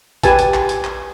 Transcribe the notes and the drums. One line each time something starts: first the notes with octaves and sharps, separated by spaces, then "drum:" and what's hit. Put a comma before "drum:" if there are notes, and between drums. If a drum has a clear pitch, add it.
G4 B4 G#5 A5, drum: kick A1, hi-hat
drum: hi-hat
drum: clap
drum: hi-hat
drum: clap